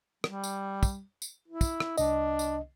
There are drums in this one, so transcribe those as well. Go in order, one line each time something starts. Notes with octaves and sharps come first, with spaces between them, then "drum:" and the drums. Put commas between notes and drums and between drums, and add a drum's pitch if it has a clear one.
G3, drum: rim click
drum: tambourine
drum: kick, tambourine
drum: tambourine
E4
drum: kick, tambourine
drum: rim click
C2 D4 D#5, drum: tambourine
drum: tambourine